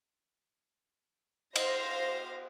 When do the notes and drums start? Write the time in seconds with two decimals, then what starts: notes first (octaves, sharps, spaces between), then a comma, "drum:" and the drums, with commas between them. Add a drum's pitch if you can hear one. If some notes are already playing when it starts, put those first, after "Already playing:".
1.56 C5 F5 A#6, drum: cymbal